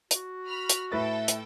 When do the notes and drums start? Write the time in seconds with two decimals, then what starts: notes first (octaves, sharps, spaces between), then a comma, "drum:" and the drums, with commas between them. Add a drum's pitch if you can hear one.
0.11 F#4, drum: hi-hat
0.47 B5 F6
0.69 drum: hi-hat
0.92 A2 A4 B4 E5 G5 A6
1.28 drum: hi-hat